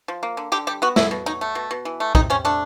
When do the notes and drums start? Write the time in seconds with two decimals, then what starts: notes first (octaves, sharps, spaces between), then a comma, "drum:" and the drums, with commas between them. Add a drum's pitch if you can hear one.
0.08 F3
0.23 A#3
0.37 D3
0.52 D3 G4
0.67 G3 G4
0.82 B3 F#4
0.96 B2 E4, drum: snare
1.11 B2
1.26 F#3 D#4
1.41 A3
1.55 B2
1.71 B2
1.85 E3
2.00 A3
2.15 C3 D#4, drum: kick
2.30 C3 C#4
2.45 A3 D4